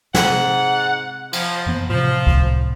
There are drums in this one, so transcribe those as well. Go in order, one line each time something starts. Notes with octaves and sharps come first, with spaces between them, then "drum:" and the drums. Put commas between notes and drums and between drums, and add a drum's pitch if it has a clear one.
G#2 C3 F#5, drum: snare
F3, drum: cymbal
F#2 E3 B3
A2 C3 F3
drum: kick C#2